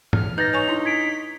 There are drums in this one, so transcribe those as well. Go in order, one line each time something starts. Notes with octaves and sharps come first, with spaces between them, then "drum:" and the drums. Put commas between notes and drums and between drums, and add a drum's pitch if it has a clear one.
F6, drum: tom G#2
D#4 B4 A#5 G6 A6 A#6
C#5 G#5 C#6 F7
D4 E4
G#6 B6 D7